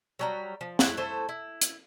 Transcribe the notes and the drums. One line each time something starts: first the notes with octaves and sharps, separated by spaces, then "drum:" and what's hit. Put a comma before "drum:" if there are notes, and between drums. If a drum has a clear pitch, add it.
F#3 G3 A#5
F3
A3 E4 F#5, drum: snare
A3 E4 A4 C5
E4
drum: hi-hat